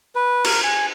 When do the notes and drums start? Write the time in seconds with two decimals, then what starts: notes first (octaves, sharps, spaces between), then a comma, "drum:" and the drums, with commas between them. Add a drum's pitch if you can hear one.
0.15 B4
0.45 A#4, drum: cymbal
0.64 G#5